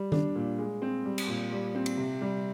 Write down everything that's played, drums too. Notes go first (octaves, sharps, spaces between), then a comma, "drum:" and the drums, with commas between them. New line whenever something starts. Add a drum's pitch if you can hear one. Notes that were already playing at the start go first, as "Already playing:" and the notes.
Already playing: G3
D4, drum: tom D#3
A#2
G#3
C4
G3
drum: cymbal
A#2
G3
C4
drum: cymbal
C3
G3